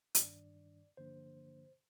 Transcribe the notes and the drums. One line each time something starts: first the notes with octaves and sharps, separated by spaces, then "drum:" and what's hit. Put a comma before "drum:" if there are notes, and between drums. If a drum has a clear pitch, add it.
G2 D#3 G3 D4 D5, drum: hi-hat
G2 D3 F3 A#3 D4 C5